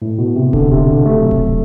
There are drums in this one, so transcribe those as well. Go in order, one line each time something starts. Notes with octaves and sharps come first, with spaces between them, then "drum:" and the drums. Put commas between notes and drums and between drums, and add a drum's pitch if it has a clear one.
A2
B2
C3
D3, drum: kick D1
C3
D3
A3
F#3
drum: kick D1